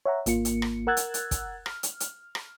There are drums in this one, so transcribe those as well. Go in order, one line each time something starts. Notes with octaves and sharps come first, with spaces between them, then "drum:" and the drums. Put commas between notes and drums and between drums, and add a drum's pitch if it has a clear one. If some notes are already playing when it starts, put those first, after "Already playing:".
C#5 E5 F#5 A#5
G#1 A#3 F4 C#7, drum: hi-hat
drum: hi-hat
drum: rim click
A#4 F#5 E6 F#6 G#6 A6
drum: hi-hat
drum: hi-hat
drum: kick, hi-hat
F6, drum: rim click
drum: hi-hat
drum: hi-hat
drum: rim click